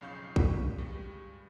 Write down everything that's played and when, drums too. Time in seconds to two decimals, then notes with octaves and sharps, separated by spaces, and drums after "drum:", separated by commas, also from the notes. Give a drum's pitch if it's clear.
0.01 B1 F2 C#3 F5 C#6 G6
0.36 C#6 B6, drum: kick
0.78 G2 G3 G#3